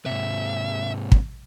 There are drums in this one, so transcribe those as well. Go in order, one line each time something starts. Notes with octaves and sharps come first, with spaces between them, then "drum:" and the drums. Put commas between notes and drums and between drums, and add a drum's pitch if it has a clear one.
G#2 C3 E5
drum: kick